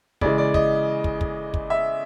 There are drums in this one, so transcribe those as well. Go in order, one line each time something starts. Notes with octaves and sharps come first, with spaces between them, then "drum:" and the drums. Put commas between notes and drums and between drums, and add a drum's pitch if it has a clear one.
C#3 E3 G#3 D5, drum: kick
D5
D#5, drum: kick
drum: kick
drum: kick
drum: kick
E5